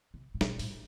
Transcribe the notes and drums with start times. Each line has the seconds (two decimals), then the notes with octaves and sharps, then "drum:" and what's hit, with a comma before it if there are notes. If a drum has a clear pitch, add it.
0.14 C3
0.35 A2
0.41 B2, drum: snare
0.59 A2, drum: open hi-hat